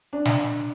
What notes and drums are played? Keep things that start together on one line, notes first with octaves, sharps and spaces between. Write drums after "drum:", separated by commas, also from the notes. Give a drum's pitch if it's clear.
D4
drum: snare